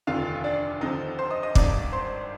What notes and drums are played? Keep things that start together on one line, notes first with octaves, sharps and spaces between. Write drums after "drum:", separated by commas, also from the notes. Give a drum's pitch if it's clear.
F1 D#2 D3 F4 F5
D4 D5
D#2 D3 F3 D#4 D#5
C5 C6
D#5 D#6
D#5 D#6
G#1 G2 D#3 D5 D6, drum: kick
C5 C6